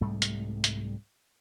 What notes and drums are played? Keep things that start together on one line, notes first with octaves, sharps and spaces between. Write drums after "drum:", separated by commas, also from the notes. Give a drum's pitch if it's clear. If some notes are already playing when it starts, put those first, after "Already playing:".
C2 G#2 G3 A3
drum: hi-hat
drum: hi-hat